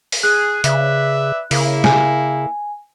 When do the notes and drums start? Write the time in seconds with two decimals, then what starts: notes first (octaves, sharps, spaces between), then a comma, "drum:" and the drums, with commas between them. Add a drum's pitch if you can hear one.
0.12 drum: open hi-hat
0.23 G#4 F#6
0.64 C#3 B4 D5 E5, drum: hi-hat
1.51 C#3 A#3 E4, drum: open hi-hat
1.84 G#5, drum: snare